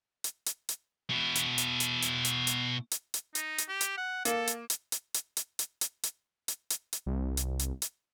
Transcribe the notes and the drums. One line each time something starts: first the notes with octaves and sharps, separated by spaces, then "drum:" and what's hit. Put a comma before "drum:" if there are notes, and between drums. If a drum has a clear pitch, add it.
drum: hi-hat
drum: hi-hat
drum: hi-hat
B2 E4
drum: hi-hat
drum: hi-hat
drum: hi-hat
drum: hi-hat
drum: hi-hat
drum: hi-hat
drum: hi-hat
drum: hi-hat
D#4, drum: hi-hat
drum: hi-hat
G4
drum: hi-hat
F#5
A#3 A4, drum: hi-hat
drum: hi-hat
drum: hi-hat
drum: hi-hat
drum: hi-hat
drum: hi-hat
drum: hi-hat
drum: hi-hat
drum: hi-hat
drum: hi-hat
drum: hi-hat
drum: hi-hat
C2
drum: hi-hat
drum: hi-hat
drum: hi-hat